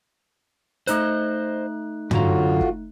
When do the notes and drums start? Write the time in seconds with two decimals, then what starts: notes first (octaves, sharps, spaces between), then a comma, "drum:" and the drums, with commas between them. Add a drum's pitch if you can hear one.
0.87 A3 D#4 C5 D#5 F#6, drum: hi-hat
2.11 F#2 A2 D3 F4 F#4 A#5, drum: tom
2.61 drum: kick